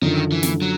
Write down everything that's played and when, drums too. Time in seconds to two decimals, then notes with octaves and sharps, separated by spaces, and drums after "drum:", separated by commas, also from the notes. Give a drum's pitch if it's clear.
0.02 F#2 D3 D#3 F3
0.32 E3
0.43 drum: snare
0.62 F#3